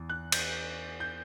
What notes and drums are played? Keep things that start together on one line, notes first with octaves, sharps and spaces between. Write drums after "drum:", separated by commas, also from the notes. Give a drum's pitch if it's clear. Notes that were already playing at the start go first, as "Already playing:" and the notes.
Already playing: E2
F#6
G6, drum: cymbal
G6